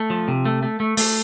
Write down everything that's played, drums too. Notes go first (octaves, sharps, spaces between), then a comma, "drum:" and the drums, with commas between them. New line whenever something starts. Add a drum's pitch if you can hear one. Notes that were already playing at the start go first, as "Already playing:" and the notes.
Already playing: A3
F3
C3
A3
A3
A3
A3, drum: open hi-hat